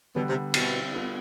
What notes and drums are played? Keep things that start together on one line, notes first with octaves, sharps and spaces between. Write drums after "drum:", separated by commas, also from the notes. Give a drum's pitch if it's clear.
B2 D3 G3 B3
C3
B2 G3 C4 E4, drum: cymbal
G3 B3 D4 F4 A4